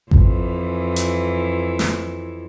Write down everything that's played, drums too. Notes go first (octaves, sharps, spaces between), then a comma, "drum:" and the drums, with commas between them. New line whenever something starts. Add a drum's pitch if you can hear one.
F2 E3, drum: kick G#1
drum: hi-hat
drum: snare